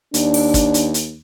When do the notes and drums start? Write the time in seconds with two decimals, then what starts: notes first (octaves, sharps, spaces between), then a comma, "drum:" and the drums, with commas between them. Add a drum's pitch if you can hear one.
0.14 D#2 D4, drum: hi-hat
0.34 drum: open hi-hat
0.54 drum: kick, hi-hat
0.74 drum: hi-hat
0.94 drum: hi-hat